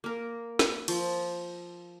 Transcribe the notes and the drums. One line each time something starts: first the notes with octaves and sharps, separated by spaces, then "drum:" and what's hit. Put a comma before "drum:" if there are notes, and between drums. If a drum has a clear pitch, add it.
A#3 A#4
drum: snare
F3, drum: cymbal